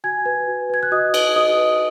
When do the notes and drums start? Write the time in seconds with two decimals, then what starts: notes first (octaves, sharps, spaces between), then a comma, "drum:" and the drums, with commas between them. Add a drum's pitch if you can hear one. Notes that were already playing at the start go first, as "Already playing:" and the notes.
0.04 F#4 G#5 G#6
0.25 B4
0.48 F#4
0.70 B4 G#6
0.83 F#6
0.92 F#4 D#5 D#6
1.14 B4, drum: cymbal
1.36 F#4 D#5 D#6
1.57 B4